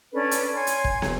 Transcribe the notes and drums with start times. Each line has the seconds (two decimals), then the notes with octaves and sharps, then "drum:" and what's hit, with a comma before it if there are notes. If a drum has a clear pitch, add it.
0.14 C#4 D4 A4 B4
0.31 drum: hi-hat
0.55 C#5 G#5 C6 G#6
0.67 drum: hi-hat
0.84 drum: kick
1.02 drum: snare